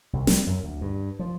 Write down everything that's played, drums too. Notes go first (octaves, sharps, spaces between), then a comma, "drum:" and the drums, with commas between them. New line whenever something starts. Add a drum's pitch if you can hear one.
C2
G3, drum: snare
F#2
D2
G2
F3